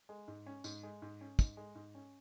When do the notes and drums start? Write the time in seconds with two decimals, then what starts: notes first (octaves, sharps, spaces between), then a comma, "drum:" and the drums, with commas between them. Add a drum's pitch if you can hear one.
0.09 G#3
0.28 G#2
0.46 C#4
0.64 G#2, drum: tambourine
0.83 G#3
1.02 G#2
1.21 C#4
1.39 G#2, drum: kick, tambourine
1.57 G#3
1.75 G#2
1.95 C#4